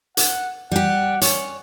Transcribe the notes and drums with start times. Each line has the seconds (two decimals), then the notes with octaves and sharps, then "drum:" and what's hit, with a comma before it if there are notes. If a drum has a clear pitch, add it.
0.17 F#5, drum: hi-hat
0.72 G3 G4 F#5
1.22 C#4 C#5, drum: hi-hat